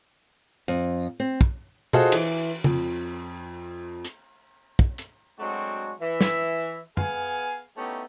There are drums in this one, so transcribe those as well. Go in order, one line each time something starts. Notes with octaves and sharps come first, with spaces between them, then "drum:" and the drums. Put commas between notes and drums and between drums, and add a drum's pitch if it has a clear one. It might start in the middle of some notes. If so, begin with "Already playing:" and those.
F2
C4
drum: kick
F4 F#4 G#4 A4 C5 D#5, drum: tom B2
E3, drum: cymbal
F2, drum: tom C#3
drum: hi-hat
drum: kick
drum: hi-hat
F#3 G#3 A3 C4 D4 F#4
E3 E5
drum: snare
B3 G#4 F5 G#5, drum: tom F#2
A3 B3 C#4 D#4 E4 G4